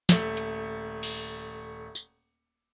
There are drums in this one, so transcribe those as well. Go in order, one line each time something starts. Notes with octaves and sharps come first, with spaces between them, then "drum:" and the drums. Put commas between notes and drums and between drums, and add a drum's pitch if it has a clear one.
D#1 A3, drum: snare
drum: hi-hat
drum: cymbal
drum: tambourine